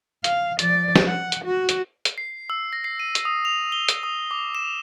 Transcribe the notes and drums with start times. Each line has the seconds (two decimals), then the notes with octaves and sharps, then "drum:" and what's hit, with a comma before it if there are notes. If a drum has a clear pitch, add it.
0.24 F5, drum: hi-hat
0.59 F3 D5, drum: hi-hat
0.96 drum: snare
1.06 F#5
1.32 drum: hi-hat
1.45 F#4
1.69 drum: hi-hat
2.05 drum: hi-hat
2.18 C7
2.50 E6
2.73 A#6
2.84 C7
3.00 D#7
3.15 drum: hi-hat
3.25 D#6
3.45 F7
3.72 G7
3.88 drum: hi-hat
4.03 D#6
4.31 D6
4.55 E7